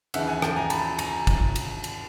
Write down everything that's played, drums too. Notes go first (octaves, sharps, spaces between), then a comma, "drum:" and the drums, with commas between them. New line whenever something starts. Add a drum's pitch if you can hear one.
D#2 C#3 E3 E5 F#5, drum: cymbal
F#5 G#5
G5 A5, drum: rim click
G#5 A#5
A5 B5, drum: cymbal
G#5 A#5, drum: cymbal
drum: kick, cymbal
drum: cymbal
drum: cymbal